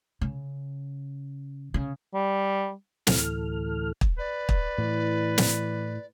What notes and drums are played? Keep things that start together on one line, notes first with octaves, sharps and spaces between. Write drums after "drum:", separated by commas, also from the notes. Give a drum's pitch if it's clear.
C#3
C#3
G3
D2 A2 E3 A4 F6, drum: snare
drum: kick
B4 D5
drum: kick
A2 E3
drum: snare